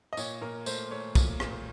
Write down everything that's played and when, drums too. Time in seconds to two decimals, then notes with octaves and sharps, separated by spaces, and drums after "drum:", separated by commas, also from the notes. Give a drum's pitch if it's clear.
0.13 D#5
0.17 A#2 C#5, drum: tambourine
0.41 A#2 A#4
0.66 A3 C5, drum: tambourine
0.91 A3 C#5
1.15 A#2, drum: kick, tambourine
1.40 A#2, drum: rim click